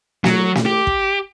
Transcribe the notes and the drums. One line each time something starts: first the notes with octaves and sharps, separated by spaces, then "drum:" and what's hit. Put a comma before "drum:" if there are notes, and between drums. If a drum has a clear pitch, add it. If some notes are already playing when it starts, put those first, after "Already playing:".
F#3, drum: snare
drum: snare
G4
drum: kick